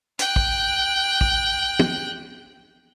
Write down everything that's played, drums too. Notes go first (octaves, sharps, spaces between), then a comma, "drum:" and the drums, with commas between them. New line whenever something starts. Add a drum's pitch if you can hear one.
G5 F#6, drum: hi-hat
drum: kick
drum: kick
drum: tom